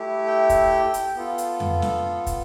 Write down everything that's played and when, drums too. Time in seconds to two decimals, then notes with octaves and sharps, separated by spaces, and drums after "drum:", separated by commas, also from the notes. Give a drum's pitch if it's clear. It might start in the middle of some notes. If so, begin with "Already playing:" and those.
Already playing: A3 E4 G4
0.27 G5
0.50 drum: kick, hi-hat
0.94 drum: hi-hat
1.16 B3 F4 A4
1.38 drum: hi-hat
1.60 drum: tom F2
1.82 drum: snare
2.27 drum: kick, hi-hat